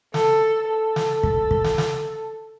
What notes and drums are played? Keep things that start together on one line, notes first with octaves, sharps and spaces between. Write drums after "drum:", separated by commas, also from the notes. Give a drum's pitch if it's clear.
A4, drum: snare
A4
drum: snare
drum: kick
drum: kick
drum: snare
drum: snare